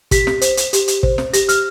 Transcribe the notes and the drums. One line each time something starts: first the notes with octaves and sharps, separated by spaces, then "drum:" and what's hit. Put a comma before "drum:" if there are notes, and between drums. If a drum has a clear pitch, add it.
G4 B6, drum: kick, hi-hat
drum: snare
C5, drum: hi-hat
drum: hi-hat
G4, drum: hi-hat
drum: hi-hat
C5, drum: kick
drum: snare
G4 A#6, drum: hi-hat
F6, drum: hi-hat